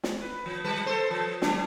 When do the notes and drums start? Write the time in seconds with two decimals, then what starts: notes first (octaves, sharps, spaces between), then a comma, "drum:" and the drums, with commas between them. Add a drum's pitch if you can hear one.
0.04 drum: snare
0.22 B4
0.46 F3
0.64 G3 B4
0.86 A4 C5
1.11 F3
1.42 F#3 D4, drum: snare